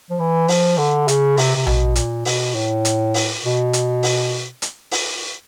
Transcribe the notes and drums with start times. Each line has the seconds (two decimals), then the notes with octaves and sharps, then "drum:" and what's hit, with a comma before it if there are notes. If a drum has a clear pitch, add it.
0.10 F3
0.19 E3
0.48 F3, drum: open hi-hat
0.78 D3
1.08 C#3, drum: hi-hat
1.37 C3, drum: open hi-hat
1.56 C3
1.67 B2, drum: tom A#1
1.96 A#2, drum: hi-hat
2.25 B2, drum: open hi-hat
2.55 A2
2.85 drum: hi-hat
3.14 drum: open hi-hat
3.44 B2
3.73 drum: hi-hat
4.03 drum: open hi-hat
4.62 drum: hi-hat
4.91 drum: open hi-hat